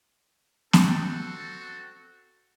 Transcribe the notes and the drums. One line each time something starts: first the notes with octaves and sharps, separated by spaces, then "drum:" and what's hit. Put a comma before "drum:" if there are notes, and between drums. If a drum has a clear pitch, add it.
C4 F#4 A4, drum: snare B3